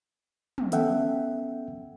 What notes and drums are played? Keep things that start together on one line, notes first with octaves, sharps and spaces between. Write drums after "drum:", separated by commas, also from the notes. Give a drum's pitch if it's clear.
drum: tom
B3 C#4 A4 E5 F#5 G5, drum: hi-hat